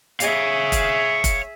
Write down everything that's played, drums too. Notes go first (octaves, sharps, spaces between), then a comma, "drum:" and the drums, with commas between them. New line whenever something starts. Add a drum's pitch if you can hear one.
G#4 C#5 E5 F5, drum: hi-hat
drum: kick F1, hi-hat
drum: kick F1, hi-hat